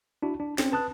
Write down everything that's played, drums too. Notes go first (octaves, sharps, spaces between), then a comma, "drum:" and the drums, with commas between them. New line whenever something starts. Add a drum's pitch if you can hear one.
D4 E4 F#4
D4
C4 C#4, drum: snare
B4 A5 D#6 F#6